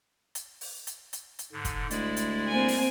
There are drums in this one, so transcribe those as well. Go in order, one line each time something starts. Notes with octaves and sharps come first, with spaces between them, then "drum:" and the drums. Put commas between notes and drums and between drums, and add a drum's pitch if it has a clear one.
drum: hi-hat
drum: open hi-hat
drum: hi-hat
drum: hi-hat
drum: hi-hat
G#2 D3
drum: kick, hi-hat
D2 G#3 E4 D5, drum: hi-hat
drum: hi-hat
A#3 C4 G#5
drum: open hi-hat